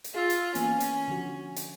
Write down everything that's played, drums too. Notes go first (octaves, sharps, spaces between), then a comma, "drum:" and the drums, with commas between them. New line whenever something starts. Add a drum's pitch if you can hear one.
drum: hi-hat
F4 G#4 E6
drum: hi-hat
E3 A#3 B3 C#4, drum: hi-hat
drum: hi-hat
D3 F3 F#4
drum: hi-hat